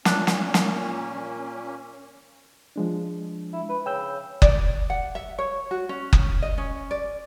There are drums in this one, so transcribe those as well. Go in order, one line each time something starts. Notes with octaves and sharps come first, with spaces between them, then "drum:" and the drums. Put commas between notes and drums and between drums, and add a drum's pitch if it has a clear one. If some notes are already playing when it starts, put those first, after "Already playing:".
A#2 A#3 C#4 D4, drum: snare
drum: snare
drum: snare
F3 G#3 D4
E4
B4
C#3 G5 E6 G6
D5, drum: kick F#1
F#5
E5
C#5
F#4
C#4
drum: kick F#1
D#5
C#4
D5